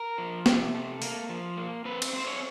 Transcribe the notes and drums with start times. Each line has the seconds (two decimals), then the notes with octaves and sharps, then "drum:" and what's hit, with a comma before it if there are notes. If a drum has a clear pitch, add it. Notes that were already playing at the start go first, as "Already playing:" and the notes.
Already playing: A#4
0.18 F3
0.46 C3, drum: snare
0.74 A3
1.02 A#3, drum: open hi-hat
1.29 F3
1.57 A#3
1.85 C4 B4
2.02 drum: cymbal
2.13 C4 C5
2.27 C#5